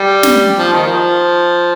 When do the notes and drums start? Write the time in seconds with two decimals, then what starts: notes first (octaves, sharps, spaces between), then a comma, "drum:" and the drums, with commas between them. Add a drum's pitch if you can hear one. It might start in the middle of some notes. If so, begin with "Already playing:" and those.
Already playing: G3
0.23 drum: snare
0.58 F3
0.72 D#3
0.86 F3